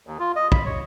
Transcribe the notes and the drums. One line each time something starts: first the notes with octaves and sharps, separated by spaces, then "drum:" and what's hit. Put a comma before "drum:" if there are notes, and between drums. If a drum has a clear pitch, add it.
D#2
F4
D#5
B5, drum: kick
C#5